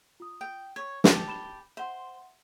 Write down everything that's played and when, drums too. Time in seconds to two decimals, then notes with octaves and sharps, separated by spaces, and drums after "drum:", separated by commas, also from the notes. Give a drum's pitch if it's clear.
0.20 F4 D#6
0.41 G5
0.76 C#5 G#6
1.04 G4 A5, drum: snare
1.28 B5 E7 G7
1.77 C5 E5 F#5 C6